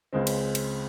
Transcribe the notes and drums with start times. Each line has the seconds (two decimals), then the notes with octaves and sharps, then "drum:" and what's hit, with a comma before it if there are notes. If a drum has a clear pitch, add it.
0.13 C#2 C#3 G#3 C4
0.27 drum: cymbal
0.55 drum: cymbal